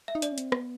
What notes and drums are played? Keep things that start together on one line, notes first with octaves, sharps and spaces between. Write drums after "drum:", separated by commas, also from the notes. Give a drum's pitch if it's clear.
E5
D#4
D4 D5, drum: hi-hat
C#4
C4, drum: hi-hat
B3, drum: rim click